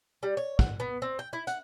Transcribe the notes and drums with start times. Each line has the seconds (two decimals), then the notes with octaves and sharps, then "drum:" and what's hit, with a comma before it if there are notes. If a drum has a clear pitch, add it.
0.23 G3
0.37 C#5
0.59 F#5, drum: kick
0.80 B3
1.02 C4
1.19 G5
1.33 E4
1.47 F#5, drum: hi-hat